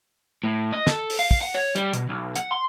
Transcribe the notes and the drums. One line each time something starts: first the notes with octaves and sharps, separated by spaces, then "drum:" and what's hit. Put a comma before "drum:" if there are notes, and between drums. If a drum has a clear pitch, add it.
A2
D#5
A4, drum: snare
drum: open hi-hat
F5
drum: kick
F#5
C#5
G3, drum: hi-hat
B2, drum: hi-hat
B1
F#5, drum: hi-hat
C6